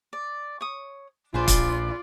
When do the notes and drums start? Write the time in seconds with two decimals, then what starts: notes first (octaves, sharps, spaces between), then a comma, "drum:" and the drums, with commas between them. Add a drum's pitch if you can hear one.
0.13 D5
0.61 C#5 D#6
1.34 A#1 F4 G#4 B4 C5 D5
1.48 drum: kick, hi-hat